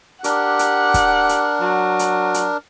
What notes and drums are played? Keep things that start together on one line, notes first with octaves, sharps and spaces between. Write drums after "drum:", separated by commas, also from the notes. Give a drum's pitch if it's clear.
D4 G4 A#4 F#5, drum: hi-hat
drum: hi-hat
drum: kick, hi-hat
drum: hi-hat
F#3
drum: hi-hat
drum: hi-hat